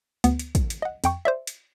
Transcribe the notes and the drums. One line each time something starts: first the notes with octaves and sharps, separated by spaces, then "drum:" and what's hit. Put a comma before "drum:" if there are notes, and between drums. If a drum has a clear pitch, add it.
D2 B3, drum: hi-hat
drum: hi-hat
drum: kick, hi-hat
drum: hi-hat
D#5 F#5
F2 G5 C#6, drum: hi-hat
C5 D5 E5
drum: hi-hat